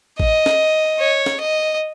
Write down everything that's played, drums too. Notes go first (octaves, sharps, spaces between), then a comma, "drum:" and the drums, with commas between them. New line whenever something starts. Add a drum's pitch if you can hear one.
D#5, drum: kick
drum: snare
C#5
drum: snare
D#5